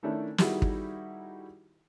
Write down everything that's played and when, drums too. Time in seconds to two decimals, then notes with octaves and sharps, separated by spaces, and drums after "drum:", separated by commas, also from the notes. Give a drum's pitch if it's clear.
0.03 D#3 A3 C#4 D4 E4
0.38 D#3 G3 D#4 E4 F#4 G#4, drum: snare
0.62 drum: kick